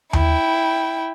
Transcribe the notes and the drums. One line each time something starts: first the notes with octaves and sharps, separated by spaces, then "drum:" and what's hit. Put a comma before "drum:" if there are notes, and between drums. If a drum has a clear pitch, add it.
E4 G5, drum: tom D#2